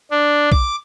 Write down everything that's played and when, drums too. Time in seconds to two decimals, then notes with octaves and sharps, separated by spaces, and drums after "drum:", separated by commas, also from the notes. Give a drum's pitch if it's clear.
0.11 D4
0.52 D6, drum: kick B1